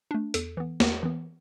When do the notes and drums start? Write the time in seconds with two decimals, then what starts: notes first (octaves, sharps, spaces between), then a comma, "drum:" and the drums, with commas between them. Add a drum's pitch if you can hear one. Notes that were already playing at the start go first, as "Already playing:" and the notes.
0.11 A3 D4
0.34 E2 A4, drum: hi-hat
0.57 E3 B3
0.80 E2, drum: snare
1.03 E3 B3